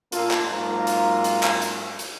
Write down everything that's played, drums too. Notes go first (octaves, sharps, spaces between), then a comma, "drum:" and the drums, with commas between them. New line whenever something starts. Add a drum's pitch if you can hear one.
A#2 A#3 F4 A4, drum: hi-hat
drum: clap
G#2 F#3 A#3 F4
drum: hi-hat
drum: hi-hat
drum: clap
drum: hi-hat
drum: hi-hat